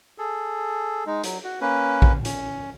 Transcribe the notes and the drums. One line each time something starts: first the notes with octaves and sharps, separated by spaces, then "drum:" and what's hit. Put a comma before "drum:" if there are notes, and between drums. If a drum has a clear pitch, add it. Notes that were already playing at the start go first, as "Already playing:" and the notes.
G#4 A4
G#3 D#4
F#3, drum: hi-hat
F#4
A#3 C#4 B4
drum: kick A#1
C#4, drum: hi-hat